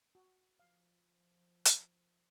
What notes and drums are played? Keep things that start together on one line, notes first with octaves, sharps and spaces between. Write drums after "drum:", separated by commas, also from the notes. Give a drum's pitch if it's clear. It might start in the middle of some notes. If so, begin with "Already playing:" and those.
F#4
F3 F5
drum: hi-hat